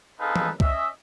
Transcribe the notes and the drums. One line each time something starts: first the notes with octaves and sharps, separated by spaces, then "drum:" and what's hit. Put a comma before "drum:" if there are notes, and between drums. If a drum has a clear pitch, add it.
C4 D#4 G#4 A4 B4 F5
drum: tom E3
C#4 D#5 E5, drum: kick C2